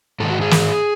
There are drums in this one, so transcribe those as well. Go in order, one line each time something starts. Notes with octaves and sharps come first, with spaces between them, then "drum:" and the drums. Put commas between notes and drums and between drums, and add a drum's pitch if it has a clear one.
G#2 D#3 A4
F#4
G#4
drum: snare